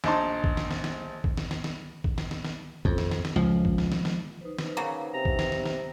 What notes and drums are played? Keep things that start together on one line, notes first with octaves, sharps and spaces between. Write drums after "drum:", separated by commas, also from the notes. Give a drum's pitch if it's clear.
A#1 D#4 A5 C6, drum: snare
drum: kick A#1
drum: snare
drum: snare
drum: snare
drum: kick A#1
drum: snare
drum: snare
drum: snare
drum: kick A#1
drum: snare
drum: snare
drum: snare
F2, drum: kick A#1
drum: snare
drum: snare
drum: snare
C#2 F3
drum: kick A#1
drum: snare
drum: snare
drum: snare
D#4 B4 C5
drum: snare
C#3 F#3 A#3
C3 A#5
drum: kick A#1
drum: snare
drum: snare
drum: snare